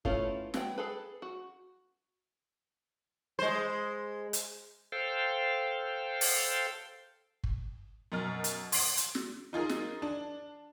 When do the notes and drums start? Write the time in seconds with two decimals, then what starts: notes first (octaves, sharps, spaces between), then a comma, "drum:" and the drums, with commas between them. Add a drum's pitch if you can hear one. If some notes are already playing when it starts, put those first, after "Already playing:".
0.05 A3 B3 C#4 E4 F4, drum: kick
0.54 G#3 B3 G5, drum: snare
0.78 G#4 A4 B4
1.22 F#4
3.39 G#3 C5
4.33 drum: hi-hat
4.92 A4 C5 F5 G5
6.21 drum: open hi-hat
7.44 drum: kick
8.12 F#2 B2 F6
8.44 drum: hi-hat
8.72 C6 C7 D7, drum: open hi-hat
8.97 drum: hi-hat
9.15 drum: snare
9.53 D#4 F4 G#4 A#4
9.69 drum: snare
10.02 D4